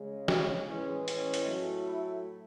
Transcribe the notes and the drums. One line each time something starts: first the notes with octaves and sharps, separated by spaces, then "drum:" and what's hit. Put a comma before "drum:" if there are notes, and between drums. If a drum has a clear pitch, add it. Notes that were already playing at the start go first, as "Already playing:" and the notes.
Already playing: C#3 G#3
C#4, drum: snare
A2 E3 G#3 C#4
C#4, drum: hi-hat
drum: hi-hat
A2 F#3 A3
E4